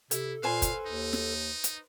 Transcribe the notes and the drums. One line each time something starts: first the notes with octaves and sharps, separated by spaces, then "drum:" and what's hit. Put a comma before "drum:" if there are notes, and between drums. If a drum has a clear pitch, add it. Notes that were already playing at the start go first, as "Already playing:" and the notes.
C3 E4 A4, drum: hi-hat
A#2 B4 C5 F5 G#5
drum: kick, hi-hat
D#2 D#4
drum: snare
drum: hi-hat